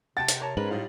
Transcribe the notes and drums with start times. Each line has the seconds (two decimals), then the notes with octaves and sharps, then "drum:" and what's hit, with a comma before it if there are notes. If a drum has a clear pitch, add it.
0.17 C3 F#5 G5 A5 A6
0.28 drum: hi-hat
0.40 A#4 C#5 A5
0.57 G#2 C#4 A#4 B4 F#7
0.71 A2 G3 D#4 F4